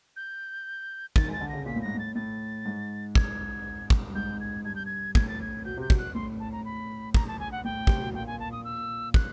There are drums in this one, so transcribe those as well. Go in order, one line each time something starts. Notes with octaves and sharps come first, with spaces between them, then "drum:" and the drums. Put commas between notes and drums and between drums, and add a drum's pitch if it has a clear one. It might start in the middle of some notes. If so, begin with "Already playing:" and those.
G6
D#3 A6, drum: kick
G#3 A6
D3
C#3 A#6
A#2 B6
A2
G#2 A#6
A2 A6
A2 A6
G#2
G#6, drum: kick
drum: kick
G2
G#2 G6
G#6
G2 G#6
G6
G#6
A2 G#6, drum: kick
A6
G#6
B2 G6
C3 G6
B2, drum: kick
F#6
A2 C6
A5
A#5
B5
A#5, drum: kick
A5
G#5
F#5
A2 G5
C3, drum: kick
B2
A#2 G5
G#5
A5
D#6
E6
F#6, drum: kick